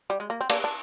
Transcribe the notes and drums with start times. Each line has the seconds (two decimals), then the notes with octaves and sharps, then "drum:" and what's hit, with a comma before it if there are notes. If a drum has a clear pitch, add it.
0.10 G3
0.20 G#3
0.30 A#3
0.41 C4
0.50 A#3 D4, drum: cymbal
0.64 D4